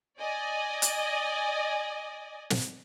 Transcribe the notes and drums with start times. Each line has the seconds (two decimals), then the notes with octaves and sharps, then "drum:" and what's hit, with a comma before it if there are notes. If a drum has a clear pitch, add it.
0.19 D5 D#5 G#5
0.82 drum: hi-hat
2.50 drum: snare